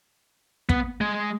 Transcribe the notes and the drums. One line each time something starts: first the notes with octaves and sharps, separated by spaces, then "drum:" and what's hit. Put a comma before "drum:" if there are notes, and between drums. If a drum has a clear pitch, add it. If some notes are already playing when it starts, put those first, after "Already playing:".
B3, drum: kick
G#3